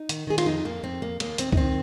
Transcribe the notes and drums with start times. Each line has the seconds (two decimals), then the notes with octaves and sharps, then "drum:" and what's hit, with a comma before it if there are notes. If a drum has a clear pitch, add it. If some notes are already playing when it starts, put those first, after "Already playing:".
Already playing: D#4
0.09 D#3, drum: hi-hat
0.27 D#3 G#4
0.38 F4, drum: cymbal
0.46 F2 D#4
0.65 F2 A#3
0.83 F2 C4
1.02 F2 A#3
1.20 D#2 A#3, drum: cymbal
1.38 D#2 C4, drum: hi-hat
1.53 D#4, drum: kick C#2
1.57 D#3 C4